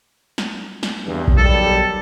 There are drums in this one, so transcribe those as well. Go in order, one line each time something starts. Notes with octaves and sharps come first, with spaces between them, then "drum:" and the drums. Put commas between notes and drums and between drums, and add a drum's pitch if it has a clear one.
drum: snare
drum: snare
E2 G2
drum: kick A#1
B1 D#3 G3 A4